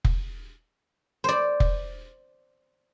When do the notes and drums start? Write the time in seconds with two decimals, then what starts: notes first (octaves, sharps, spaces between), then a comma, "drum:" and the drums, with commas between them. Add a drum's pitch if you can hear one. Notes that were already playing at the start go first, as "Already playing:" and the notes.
0.05 drum: kick F1
1.24 C5 D5
1.60 drum: kick F1